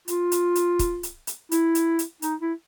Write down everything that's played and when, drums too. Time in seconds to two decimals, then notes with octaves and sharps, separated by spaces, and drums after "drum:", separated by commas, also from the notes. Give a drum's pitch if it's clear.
0.08 F4, drum: hi-hat
0.32 drum: hi-hat
0.55 drum: hi-hat
0.79 drum: kick, hi-hat
1.03 drum: hi-hat
1.27 drum: hi-hat
1.51 E4, drum: hi-hat
1.75 drum: hi-hat
1.99 drum: hi-hat
2.22 D#4, drum: hi-hat
2.41 E4